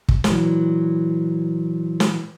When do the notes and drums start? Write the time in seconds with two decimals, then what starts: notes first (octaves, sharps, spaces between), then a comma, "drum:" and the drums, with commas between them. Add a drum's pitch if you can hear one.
0.09 drum: kick
0.24 A#2 E3 F#3, drum: snare
2.00 drum: snare